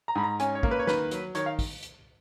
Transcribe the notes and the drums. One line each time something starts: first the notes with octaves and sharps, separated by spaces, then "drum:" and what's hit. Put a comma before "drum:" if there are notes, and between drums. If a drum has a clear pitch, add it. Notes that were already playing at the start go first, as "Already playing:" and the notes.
A#5
G#2 B5
A#5
C#4 G#5, drum: hi-hat
C#5
A#3, drum: kick
B4
C#5
D#3 B4, drum: snare
F#3, drum: hi-hat
D#3 C#5, drum: hi-hat
F5
drum: kick, open hi-hat
drum: hi-hat